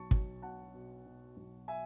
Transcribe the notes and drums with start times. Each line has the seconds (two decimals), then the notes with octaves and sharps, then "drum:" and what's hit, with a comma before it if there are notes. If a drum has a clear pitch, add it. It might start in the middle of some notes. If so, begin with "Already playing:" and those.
Already playing: B1 A5 C#6
0.11 B1, drum: kick
0.42 B2 F#5 A5
0.74 B2
1.06 B2
1.37 B1
1.68 E5 G#5